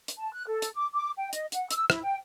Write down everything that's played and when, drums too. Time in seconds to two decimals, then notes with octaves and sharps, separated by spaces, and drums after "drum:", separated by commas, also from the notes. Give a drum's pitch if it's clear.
0.08 drum: hi-hat
0.19 A5
0.32 F#6
0.47 A4
0.62 drum: hi-hat
0.75 D6
0.92 D6
1.18 G5
1.33 D#5, drum: hi-hat
1.52 F#5, drum: hi-hat
1.71 E6, drum: hi-hat
1.90 E4, drum: rim click
2.04 G5